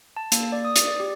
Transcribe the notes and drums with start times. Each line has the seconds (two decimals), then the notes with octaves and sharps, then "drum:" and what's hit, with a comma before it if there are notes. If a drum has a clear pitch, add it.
0.17 A5
0.32 A#3, drum: hi-hat
0.52 D5
0.65 D#6
0.76 drum: hi-hat
0.87 D5
1.00 G4